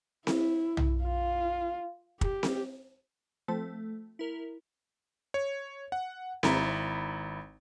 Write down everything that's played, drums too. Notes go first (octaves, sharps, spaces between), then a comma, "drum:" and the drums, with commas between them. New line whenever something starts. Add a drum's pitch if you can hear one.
E4, drum: snare C4
drum: tom
F4
G4, drum: kick
drum: snare C4
F3 A3 C4 A4
E4 A#4
C#5
F#5
G#1 E4 A#5 B5, drum: snare C4